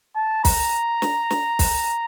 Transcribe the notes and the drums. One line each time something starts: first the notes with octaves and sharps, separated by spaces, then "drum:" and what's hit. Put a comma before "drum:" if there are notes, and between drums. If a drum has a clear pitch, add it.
A5
A#5, drum: kick, open hi-hat
drum: snare
drum: snare
drum: kick, open hi-hat